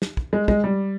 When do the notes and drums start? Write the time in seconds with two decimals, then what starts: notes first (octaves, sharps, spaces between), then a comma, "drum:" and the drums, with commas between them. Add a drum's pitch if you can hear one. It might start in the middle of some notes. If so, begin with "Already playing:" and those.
0.02 drum: snare
0.17 drum: kick
0.33 G#3
0.48 G#3, drum: kick
0.64 G3